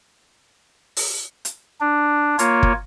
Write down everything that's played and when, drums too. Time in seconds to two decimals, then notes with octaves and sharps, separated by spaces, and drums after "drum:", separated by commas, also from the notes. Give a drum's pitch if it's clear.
0.97 drum: open hi-hat
1.45 drum: hi-hat
1.81 D4
2.39 A#3 F4 C#5, drum: hi-hat
2.63 drum: kick